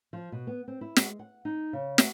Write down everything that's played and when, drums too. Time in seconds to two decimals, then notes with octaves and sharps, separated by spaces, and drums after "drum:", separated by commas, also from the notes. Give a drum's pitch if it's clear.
0.13 F3
0.32 B2
0.47 B3
0.68 C4
0.81 E4
0.96 G#3, drum: snare
1.19 F#5
1.45 D#4
1.73 C#3
1.98 A3, drum: snare